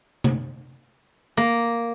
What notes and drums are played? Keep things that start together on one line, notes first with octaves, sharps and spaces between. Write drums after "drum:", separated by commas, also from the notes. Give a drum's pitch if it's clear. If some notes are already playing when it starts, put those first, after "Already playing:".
drum: tom C3
A#3, drum: tambourine